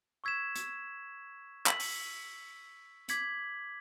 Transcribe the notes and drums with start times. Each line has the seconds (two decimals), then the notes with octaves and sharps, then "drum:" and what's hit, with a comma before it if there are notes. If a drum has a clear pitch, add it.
0.24 C#6 E6 G#6 B6 E7
0.56 drum: hi-hat
1.66 E6 B6 F#7, drum: clap
1.80 drum: open hi-hat
3.09 D6 G#6 B6 F#7, drum: hi-hat